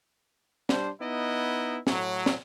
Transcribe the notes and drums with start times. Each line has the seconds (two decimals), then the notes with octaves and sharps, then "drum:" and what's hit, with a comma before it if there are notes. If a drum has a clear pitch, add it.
0.69 G3 D4 C5, drum: snare
1.00 B3 D#4 E4 D#5
1.87 A2 F#3, drum: snare
2.26 drum: snare